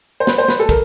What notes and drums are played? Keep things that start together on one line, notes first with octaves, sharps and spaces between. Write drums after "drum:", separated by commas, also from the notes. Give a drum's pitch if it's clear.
C5
B4, drum: snare
C5
B4, drum: snare
A4
A#4, drum: kick, hi-hat